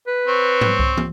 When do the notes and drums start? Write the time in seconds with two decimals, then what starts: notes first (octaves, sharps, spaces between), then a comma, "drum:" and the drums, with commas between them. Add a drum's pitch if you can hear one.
0.07 B4
0.28 C4 C#5
0.61 drum: tom G#2
0.79 drum: kick C2
0.97 drum: tom